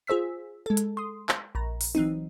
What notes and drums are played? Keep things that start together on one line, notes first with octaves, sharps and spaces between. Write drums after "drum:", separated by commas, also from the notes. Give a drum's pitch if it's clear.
F4 G#4 C5 E6 B6
G#3 A4
drum: hi-hat
C6 D#6
drum: clap
A#1 A#5
drum: open hi-hat
E3 F#3 C4 D#4